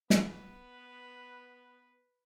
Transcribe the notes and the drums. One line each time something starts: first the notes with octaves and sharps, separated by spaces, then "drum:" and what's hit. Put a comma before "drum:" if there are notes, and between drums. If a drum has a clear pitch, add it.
B3 B4, drum: snare